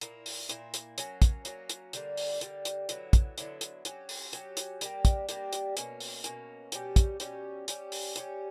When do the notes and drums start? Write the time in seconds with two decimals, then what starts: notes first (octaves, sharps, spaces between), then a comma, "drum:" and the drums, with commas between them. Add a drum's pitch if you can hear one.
0.01 A#2 A#3 E4, drum: hi-hat
0.26 drum: open hi-hat
0.49 A#2 A#3 E4, drum: hi-hat
0.74 drum: hi-hat
0.98 F#3 A#3 C#4, drum: hi-hat
1.22 drum: kick, hi-hat
1.45 F#3 A#3 C#4, drum: hi-hat
1.69 drum: hi-hat
1.93 D3 G3 A#3, drum: hi-hat
2.17 drum: open hi-hat
2.41 D3 G3 A#3, drum: hi-hat
2.65 drum: hi-hat
2.89 D3 F#3 B3 E4, drum: hi-hat
3.13 drum: kick, hi-hat
3.38 D3 F#3 B3 E4, drum: hi-hat
3.61 drum: hi-hat
3.85 F#3 C#4 G4, drum: hi-hat
4.09 drum: open hi-hat
4.33 F#3 C#4 G4, drum: hi-hat
4.57 drum: hi-hat
4.81 G3 A#3 D4 G4, drum: hi-hat
5.05 drum: kick, hi-hat
5.29 G3 A#3 D4 G4, drum: hi-hat
5.53 drum: hi-hat
5.77 B2 A#3 C#4, drum: hi-hat
6.00 drum: open hi-hat
6.24 B2 A#3 C#4, drum: hi-hat
6.72 B2 G3 C#4 G4, drum: hi-hat
6.96 drum: kick, hi-hat
7.20 B2 G3 C#4 G4, drum: hi-hat
7.68 G3 C#4 G4, drum: hi-hat
7.92 drum: open hi-hat
8.16 G3 C#4 G4, drum: hi-hat